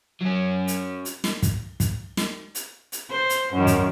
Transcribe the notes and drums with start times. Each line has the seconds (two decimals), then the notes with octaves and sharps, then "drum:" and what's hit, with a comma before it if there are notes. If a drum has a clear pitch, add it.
0.21 F#3 C#4
0.68 drum: hi-hat
1.05 drum: hi-hat
1.24 drum: snare
1.42 drum: kick, hi-hat
1.80 drum: kick, hi-hat
2.17 drum: snare
2.55 drum: hi-hat
2.92 drum: hi-hat
3.11 C5
3.30 drum: hi-hat
3.53 F#2 D#3
3.67 drum: kick, hi-hat